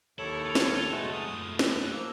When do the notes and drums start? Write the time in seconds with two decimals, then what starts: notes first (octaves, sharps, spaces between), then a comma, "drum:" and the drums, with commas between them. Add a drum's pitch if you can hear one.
0.18 D#2 E4 A4 C#5
0.46 F4 F5
0.55 drum: snare
0.90 B2 G#3 A3 F#4 A4
1.13 A3 F4 D#6
1.59 F#6, drum: snare
1.91 F3 A#3 E6